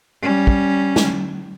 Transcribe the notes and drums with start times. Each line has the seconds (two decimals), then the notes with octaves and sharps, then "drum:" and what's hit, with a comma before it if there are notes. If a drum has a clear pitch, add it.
0.23 G3 C#4
0.47 drum: kick
0.96 drum: snare